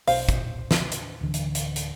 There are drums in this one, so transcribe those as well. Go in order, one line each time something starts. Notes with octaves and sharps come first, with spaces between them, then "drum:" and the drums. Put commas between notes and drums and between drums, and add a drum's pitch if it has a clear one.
B1 C5 F5, drum: open hi-hat
drum: kick, hi-hat
drum: snare
drum: hi-hat
D1 D3 E3
drum: hi-hat
drum: hi-hat
drum: hi-hat